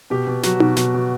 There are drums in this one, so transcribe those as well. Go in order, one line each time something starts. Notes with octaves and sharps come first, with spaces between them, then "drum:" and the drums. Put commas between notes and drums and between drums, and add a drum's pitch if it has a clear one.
B2 G4
B2
F#3 F#4, drum: snare
B2, drum: tom D#4
B2 F#4, drum: snare
B2